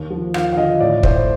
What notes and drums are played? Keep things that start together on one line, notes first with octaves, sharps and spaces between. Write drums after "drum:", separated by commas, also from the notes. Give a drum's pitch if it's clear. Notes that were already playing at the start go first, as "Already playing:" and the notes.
Already playing: D#2
F3
D#2 F5, drum: rim click
F5
D3 D#5
A2 D5
A2 C5, drum: kick